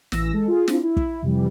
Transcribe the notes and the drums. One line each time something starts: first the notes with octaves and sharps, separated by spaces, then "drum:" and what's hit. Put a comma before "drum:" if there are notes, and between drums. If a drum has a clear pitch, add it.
A1 E3 E6 A#6, drum: snare
G#3 A4
F4 G#4
C4 D4 E4 F4, drum: snare
E4
drum: kick
F2 C3 E3 G3